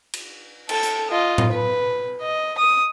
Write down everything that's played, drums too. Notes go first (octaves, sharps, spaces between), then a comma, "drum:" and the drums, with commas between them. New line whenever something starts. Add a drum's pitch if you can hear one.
drum: cymbal
A4, drum: cymbal
drum: hi-hat
F4 D#5
drum: tom A2
B4
D#5
D#6